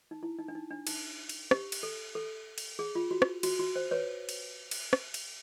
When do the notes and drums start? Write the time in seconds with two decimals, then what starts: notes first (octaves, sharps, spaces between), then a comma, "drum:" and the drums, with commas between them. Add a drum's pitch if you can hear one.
0.11 D#4
0.23 E4
0.39 D#4
0.48 D4
0.55 D#4
0.70 D4
0.87 D#4, drum: cymbal
1.29 drum: cymbal
1.51 G4, drum: rim click
1.72 drum: cymbal
1.83 A4
2.15 A4
2.58 drum: cymbal
2.79 G#4
2.95 F4
3.11 F#4
3.22 drum: rim click
3.43 F#4, drum: cymbal
3.59 F#4
3.76 C5
3.91 B4 C#5
4.29 drum: cymbal
4.71 drum: cymbal
4.93 drum: rim click
5.14 drum: cymbal